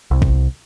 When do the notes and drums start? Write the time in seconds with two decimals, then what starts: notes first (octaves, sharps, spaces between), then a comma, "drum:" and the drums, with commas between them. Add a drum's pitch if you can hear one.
0.11 C2
0.22 drum: kick G#1